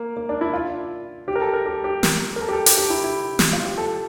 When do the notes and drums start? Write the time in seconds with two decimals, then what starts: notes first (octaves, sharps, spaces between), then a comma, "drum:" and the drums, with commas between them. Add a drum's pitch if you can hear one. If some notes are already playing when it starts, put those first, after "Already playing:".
Already playing: A#3
0.17 A#3
0.29 D4
0.41 E4
0.53 F4
1.28 G4
1.36 A#4
1.41 A4
1.53 A#4
1.66 G4
1.84 G4
2.03 A#4, drum: snare
2.36 A#4
2.41 A4
2.49 G4
2.53 A4
2.66 G4, drum: hi-hat
2.78 G4
2.90 E4
3.04 E4
3.39 drum: snare
3.53 F4
3.65 G4
3.78 A4